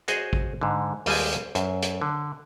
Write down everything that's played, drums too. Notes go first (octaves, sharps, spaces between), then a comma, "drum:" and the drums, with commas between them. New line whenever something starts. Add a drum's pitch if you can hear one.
F#4 G#4 C5 C#5 D#5, drum: hi-hat
drum: kick A1
G#2 D3
D#2 G3 G#3 G#5, drum: open hi-hat
drum: hi-hat
F#2, drum: hi-hat
drum: hi-hat
D3